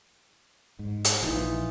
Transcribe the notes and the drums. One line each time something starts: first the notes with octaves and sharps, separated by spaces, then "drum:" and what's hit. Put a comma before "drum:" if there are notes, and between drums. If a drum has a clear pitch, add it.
G#2
drum: hi-hat
A#1 E3 D#4 F4